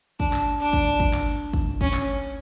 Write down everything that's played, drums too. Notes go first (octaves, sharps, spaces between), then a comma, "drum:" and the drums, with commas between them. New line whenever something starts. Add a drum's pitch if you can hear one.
D4, drum: kick
drum: clap
D4
drum: kick
drum: kick
drum: clap
drum: kick
C#4, drum: kick
drum: clap